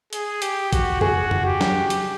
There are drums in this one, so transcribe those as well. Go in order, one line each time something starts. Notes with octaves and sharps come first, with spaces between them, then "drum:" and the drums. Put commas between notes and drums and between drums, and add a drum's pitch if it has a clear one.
G#4, drum: hi-hat
G4, drum: hi-hat
F#4, drum: kick A1, hi-hat
F#4 G#4, drum: tom F2
drum: tom F2
G4
drum: snare
drum: hi-hat